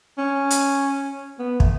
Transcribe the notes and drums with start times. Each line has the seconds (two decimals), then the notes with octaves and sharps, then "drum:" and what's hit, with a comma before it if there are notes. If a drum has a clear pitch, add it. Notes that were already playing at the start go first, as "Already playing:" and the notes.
0.18 C#4
0.50 drum: hi-hat
1.39 B3
1.60 A3, drum: kick